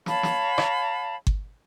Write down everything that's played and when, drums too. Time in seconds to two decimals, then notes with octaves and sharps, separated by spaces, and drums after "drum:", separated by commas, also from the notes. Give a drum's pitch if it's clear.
0.06 C#5 F5 A5 B5, drum: snare
0.23 drum: snare
0.58 drum: rim click
1.27 drum: kick G1